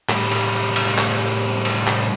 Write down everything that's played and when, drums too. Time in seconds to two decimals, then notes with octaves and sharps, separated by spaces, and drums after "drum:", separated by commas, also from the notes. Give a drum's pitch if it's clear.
0.09 A2 G3, drum: clap
0.31 drum: cymbal
0.76 drum: cymbal
0.98 drum: clap
1.65 drum: cymbal
1.87 drum: clap